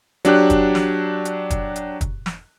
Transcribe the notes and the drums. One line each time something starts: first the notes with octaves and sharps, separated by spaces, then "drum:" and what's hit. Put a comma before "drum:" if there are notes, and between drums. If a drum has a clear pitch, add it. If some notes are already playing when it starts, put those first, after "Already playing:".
F#3 D4 G4 F#6, drum: hi-hat
drum: kick, hi-hat
drum: snare
drum: hi-hat
drum: kick, hi-hat
drum: hi-hat
drum: kick, hi-hat
drum: snare